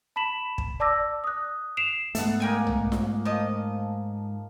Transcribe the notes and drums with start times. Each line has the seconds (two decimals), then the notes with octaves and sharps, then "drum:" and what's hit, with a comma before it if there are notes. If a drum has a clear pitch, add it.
0.16 A5 B5 B6 E7 F#7
0.58 drum: kick
0.80 D5 A5 D6 E6 A#6
1.24 D#6 F#6
1.77 C7 D7 E7 F7
2.15 G#2 A3 B3 A4 D#5 F#5, drum: hi-hat
2.40 A#3 G#4 A#4 G5 G#5
2.67 drum: tom B1
2.92 drum: snare F4
3.25 D#3 F3 D#5